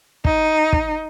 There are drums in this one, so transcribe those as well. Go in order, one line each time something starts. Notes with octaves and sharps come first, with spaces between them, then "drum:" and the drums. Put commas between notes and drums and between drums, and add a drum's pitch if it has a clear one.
D#4, drum: kick
drum: kick